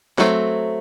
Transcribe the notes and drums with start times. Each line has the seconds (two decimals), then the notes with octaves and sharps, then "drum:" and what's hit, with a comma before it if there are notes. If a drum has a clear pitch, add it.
0.18 F#3 A3 C4, drum: snare